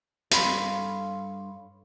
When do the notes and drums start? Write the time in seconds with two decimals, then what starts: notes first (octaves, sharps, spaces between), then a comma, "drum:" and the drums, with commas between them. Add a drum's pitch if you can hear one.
0.31 G2 A4 C#5 F5 B5 C6, drum: hi-hat